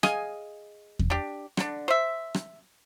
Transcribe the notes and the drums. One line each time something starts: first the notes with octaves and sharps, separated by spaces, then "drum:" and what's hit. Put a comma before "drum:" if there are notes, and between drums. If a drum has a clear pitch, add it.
G#4 D#5 F5 G#5, drum: rim click
drum: kick E2
D4 G4
D3 D4, drum: rim click
C5 E5
drum: rim click